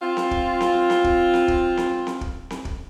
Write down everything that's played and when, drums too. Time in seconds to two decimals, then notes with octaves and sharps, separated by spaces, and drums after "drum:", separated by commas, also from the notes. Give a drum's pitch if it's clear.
0.02 C4 F4
0.17 drum: snare C4
0.31 drum: kick
0.61 drum: snare C4
0.90 drum: snare C4
1.04 drum: kick
1.34 drum: snare C4
1.48 drum: kick
1.77 drum: snare C4
2.07 drum: snare C4
2.21 drum: kick
2.50 drum: snare C4
2.65 drum: kick